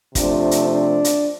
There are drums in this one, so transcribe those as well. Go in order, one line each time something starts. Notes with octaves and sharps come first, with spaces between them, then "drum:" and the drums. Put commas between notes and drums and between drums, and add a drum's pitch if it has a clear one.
C3 F3 A3 D4, drum: kick, hi-hat
drum: hi-hat
D4
drum: hi-hat